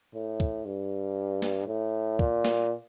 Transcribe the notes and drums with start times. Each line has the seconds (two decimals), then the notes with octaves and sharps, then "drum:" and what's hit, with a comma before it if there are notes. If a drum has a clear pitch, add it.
0.15 A2
0.40 drum: kick
0.65 G2
1.42 drum: snare
1.67 A2
2.19 A#2, drum: kick
2.45 drum: snare